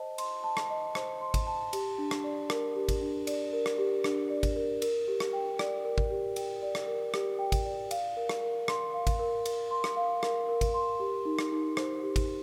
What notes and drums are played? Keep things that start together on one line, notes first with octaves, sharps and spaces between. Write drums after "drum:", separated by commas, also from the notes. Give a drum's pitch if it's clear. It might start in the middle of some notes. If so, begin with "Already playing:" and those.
Already playing: C5 D#5 A5
C6, drum: cymbal
A5
drum: rim click
D#5
C5, drum: rim click
C6
drum: kick, cymbal
A5
G4, drum: cymbal
D4
drum: rim click
D5
A#4, drum: rim click
G4
drum: kick, cymbal
D4
D5, drum: cymbal
A#4
drum: rim click
G4
D4, drum: rim click
D5
drum: kick, cymbal
A#4
A#4, drum: cymbal
G4
drum: rim click
G5
D5, drum: rim click
A#4
drum: kick
G4
G5, drum: cymbal
D5
drum: rim click
A#4
G4, drum: rim click
G5
drum: kick, cymbal
D5
F5, drum: cymbal
A#4
drum: rim click
A#4
C6, drum: rim click
F5
drum: kick, cymbal
A#4
A#4, drum: cymbal
C6
drum: rim click
F5
A#4, drum: rim click
A#4
drum: kick, cymbal
C6
G4
D#4
drum: rim click
D#4
C5, drum: rim click
G4
drum: kick, cymbal